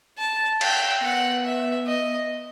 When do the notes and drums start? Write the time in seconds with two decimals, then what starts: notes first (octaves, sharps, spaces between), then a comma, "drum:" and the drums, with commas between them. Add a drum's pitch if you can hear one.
0.18 A5
0.61 G5, drum: cymbal
1.02 B3 F#5
1.45 E5
1.86 D#5